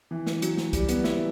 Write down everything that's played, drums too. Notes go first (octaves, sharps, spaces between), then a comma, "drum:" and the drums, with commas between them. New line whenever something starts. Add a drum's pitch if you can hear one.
E3
drum: snare
F#3, drum: hi-hat
drum: snare
G3, drum: kick, hi-hat
B3, drum: hi-hat
E4, drum: snare